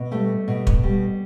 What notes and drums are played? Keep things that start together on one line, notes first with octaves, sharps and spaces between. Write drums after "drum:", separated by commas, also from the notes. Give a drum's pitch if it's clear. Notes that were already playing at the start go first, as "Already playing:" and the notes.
Already playing: B2
G3 A3
B2
drum: kick
G3